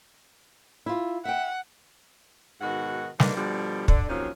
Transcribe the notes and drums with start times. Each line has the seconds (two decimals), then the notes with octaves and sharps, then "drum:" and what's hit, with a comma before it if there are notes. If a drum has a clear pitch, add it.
0.86 E4 F4
1.25 E5 F#5 G5
2.61 G#2 B2 D#3 F#4 F#5
3.20 G2 D3 A#3 D4 D#4 B4, drum: snare
3.36 B2 D3 F3 G3
3.88 D3 D4, drum: kick
4.09 C3 D#3 F3 F#3 A#3 C#4